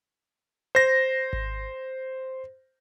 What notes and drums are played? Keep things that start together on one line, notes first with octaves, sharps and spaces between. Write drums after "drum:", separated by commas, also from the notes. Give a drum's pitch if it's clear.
C5 A#6
drum: kick G#1